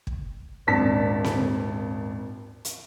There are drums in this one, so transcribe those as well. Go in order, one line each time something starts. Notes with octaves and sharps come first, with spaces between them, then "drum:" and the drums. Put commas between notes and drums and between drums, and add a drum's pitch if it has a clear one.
drum: kick
D#1 G#1 D4 A5 B6
drum: snare C4
drum: hi-hat